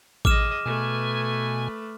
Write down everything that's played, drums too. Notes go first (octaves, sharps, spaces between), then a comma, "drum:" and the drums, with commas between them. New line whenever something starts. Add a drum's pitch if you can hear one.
G#4 D#5 D6 F6 E7, drum: kick A1
B2 A3 B4 G#5